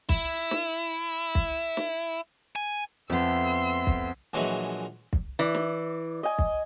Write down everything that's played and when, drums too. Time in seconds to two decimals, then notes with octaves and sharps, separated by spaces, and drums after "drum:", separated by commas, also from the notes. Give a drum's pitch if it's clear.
0.09 E4, drum: kick
0.51 drum: snare
1.35 drum: kick
1.77 drum: snare
2.56 G#5
3.10 F2 A3 B3 C6 E6
3.87 drum: kick
4.33 A#1 E3 F#3 G#3 B4 C#6
5.13 drum: kick
5.39 E3 D5
5.55 drum: snare
6.23 D#5 G#5
6.38 drum: kick